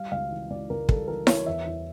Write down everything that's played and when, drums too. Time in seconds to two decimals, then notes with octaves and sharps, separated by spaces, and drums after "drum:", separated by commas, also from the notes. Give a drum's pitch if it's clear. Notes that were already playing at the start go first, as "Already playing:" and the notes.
Already playing: G3 F5
0.11 C#2 F5
0.31 E3
0.50 C#2 D5
0.70 C#2 A#4
0.89 G3 A4, drum: kick
1.08 E3 A#4
1.27 E3 C#5, drum: snare E4
1.46 E2 E5
1.66 E2